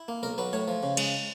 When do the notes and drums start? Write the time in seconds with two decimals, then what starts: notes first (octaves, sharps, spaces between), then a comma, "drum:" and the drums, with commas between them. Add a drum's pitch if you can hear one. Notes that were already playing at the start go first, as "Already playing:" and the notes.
Already playing: E4
0.08 A#3
0.23 B1 A#4
0.38 F#3 B4
0.53 A2 C#5
0.68 F3
0.83 C#3
0.97 G#3, drum: cymbal